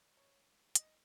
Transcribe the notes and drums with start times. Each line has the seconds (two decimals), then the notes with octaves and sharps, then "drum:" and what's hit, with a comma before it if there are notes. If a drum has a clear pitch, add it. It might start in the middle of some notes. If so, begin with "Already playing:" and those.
Already playing: G#1 G#2
0.17 C#5
0.75 D#5, drum: hi-hat